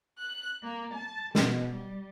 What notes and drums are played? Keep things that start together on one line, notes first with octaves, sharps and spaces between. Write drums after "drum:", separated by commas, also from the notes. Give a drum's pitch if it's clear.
F#6
A#3
A5
B2, drum: snare
G3